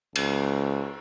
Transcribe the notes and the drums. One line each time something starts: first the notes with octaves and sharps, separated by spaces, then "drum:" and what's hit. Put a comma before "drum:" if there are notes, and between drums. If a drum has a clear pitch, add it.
C#2, drum: cymbal